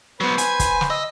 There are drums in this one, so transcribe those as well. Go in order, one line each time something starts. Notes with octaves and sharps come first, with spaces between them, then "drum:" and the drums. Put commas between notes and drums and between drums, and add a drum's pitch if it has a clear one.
F#3 B3 B4 C5
G#5, drum: hi-hat
drum: kick, hi-hat
drum: snare
D#5 E6